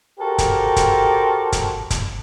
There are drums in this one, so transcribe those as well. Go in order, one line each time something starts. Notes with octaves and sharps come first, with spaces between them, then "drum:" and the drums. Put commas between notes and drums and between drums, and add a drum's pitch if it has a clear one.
F#4 G4 A4 A#4 C5
drum: kick, hi-hat
drum: kick, hi-hat
drum: kick, hi-hat
drum: kick, hi-hat